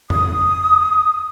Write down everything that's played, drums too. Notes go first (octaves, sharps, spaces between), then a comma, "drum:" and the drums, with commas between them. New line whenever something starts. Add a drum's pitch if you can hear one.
D#6, drum: tom F2